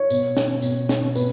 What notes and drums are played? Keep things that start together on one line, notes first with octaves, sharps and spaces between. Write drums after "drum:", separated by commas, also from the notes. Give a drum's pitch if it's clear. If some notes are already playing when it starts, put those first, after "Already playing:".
Already playing: C#5
B2, drum: tambourine
drum: snare
B2, drum: tambourine
drum: snare
B2 B4, drum: tambourine